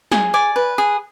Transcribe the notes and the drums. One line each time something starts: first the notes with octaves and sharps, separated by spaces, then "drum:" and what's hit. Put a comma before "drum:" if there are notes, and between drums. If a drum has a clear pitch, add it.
G#4, drum: snare
D5 G#5
B4
G#4